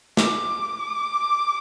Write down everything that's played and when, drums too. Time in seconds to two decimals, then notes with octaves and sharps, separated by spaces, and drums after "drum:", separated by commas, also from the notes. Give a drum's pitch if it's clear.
0.17 D6, drum: snare